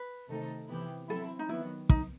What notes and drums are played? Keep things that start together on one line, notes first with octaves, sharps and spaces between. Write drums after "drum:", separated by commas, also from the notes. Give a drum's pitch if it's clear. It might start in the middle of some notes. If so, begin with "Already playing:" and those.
Already playing: B4
C3 D#3 A3 D#4 A4
C3 E3 B3 E4 G4
F#3 C4 E4 A4
D#4
D#3 F#3 B3 E4
D#4, drum: kick